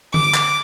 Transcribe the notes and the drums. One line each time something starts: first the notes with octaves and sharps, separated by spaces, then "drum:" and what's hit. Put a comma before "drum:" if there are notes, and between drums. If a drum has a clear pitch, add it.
D6, drum: tom D3
drum: clap